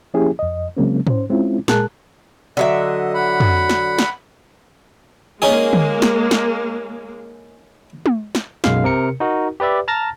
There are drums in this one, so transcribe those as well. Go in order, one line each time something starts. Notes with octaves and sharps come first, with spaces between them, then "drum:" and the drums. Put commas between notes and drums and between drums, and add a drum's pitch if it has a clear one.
F3 A#3 C#4 E4 G4 G#4
F2 D#5
C#3 F#3 G#3 A#3 C4 C#4
C#4 C5, drum: tom G#2
G#3 C4 C#4 E4 F4
A#2 G#3 G#4 A#4 A5 F#6, drum: snare
D3 F#3 D#5 E5
F#5 B5
drum: tom
drum: snare
drum: snare
G#3 A#3 C#4 D#4 G#4
drum: tom D3
drum: snare
drum: snare
drum: tom
drum: snare
B1 F#2 G#3 F5, drum: snare
C3 A#4 C#7
D#4 F#4 A#4
G4 B4 D5 E5
A5 A#5 F6 A6 A#6